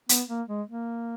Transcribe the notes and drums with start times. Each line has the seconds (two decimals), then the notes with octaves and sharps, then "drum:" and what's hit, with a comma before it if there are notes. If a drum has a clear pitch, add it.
0.09 B3, drum: hi-hat
0.29 A#3
0.48 G#3
0.67 A#3